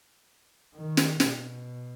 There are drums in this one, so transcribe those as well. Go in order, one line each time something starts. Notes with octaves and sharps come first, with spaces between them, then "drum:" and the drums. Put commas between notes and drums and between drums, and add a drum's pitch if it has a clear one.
D#3
drum: snare
B2, drum: snare